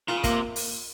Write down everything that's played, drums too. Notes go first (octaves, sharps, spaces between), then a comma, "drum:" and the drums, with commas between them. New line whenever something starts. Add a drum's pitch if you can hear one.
A#2 F4
C#3
C3 A#3, drum: kick, hi-hat
drum: open hi-hat